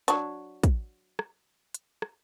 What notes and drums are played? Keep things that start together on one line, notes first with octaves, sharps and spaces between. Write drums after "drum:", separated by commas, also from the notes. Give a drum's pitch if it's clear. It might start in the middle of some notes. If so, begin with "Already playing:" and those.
F#3 D4 C#6, drum: hi-hat
drum: kick, hi-hat
drum: rim click
drum: hi-hat
drum: rim click